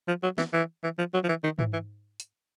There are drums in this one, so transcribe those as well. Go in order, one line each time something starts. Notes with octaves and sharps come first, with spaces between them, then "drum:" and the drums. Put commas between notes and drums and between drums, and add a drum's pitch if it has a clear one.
F3
F#3
E3, drum: snare
E3
E3
F3
F#3
F3
E3
D#3
E3, drum: tom G#2
E3
drum: hi-hat